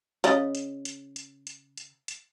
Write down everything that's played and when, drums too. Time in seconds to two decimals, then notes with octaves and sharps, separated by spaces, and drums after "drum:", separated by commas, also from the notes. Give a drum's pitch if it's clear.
0.24 C#3 D5 D#5, drum: hi-hat
0.55 drum: hi-hat
0.85 drum: hi-hat
1.16 drum: hi-hat
1.47 drum: hi-hat
1.77 drum: hi-hat
2.08 drum: hi-hat